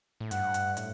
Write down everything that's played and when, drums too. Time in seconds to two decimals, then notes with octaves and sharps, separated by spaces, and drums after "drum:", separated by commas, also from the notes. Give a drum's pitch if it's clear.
0.20 A2
0.31 G2 F#5, drum: hi-hat
0.54 drum: hi-hat
0.77 A2, drum: hi-hat